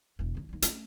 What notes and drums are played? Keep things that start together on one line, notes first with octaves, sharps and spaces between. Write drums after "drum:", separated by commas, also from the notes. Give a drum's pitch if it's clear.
E1 D2
D#2 C#3
D#2 G3
A3 C#4, drum: hi-hat